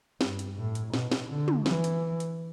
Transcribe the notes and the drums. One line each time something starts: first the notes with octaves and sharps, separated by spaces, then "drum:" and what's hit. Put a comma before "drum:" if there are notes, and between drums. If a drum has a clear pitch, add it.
G2, drum: snare
drum: hi-hat
A2
drum: hi-hat
B2, drum: snare
drum: snare
D3
drum: tom
E3, drum: snare
drum: hi-hat
drum: hi-hat